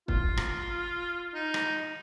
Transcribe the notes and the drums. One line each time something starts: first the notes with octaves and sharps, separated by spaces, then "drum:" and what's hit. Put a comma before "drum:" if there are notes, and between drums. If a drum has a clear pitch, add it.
F4, drum: kick
drum: rim click
D#4
drum: rim click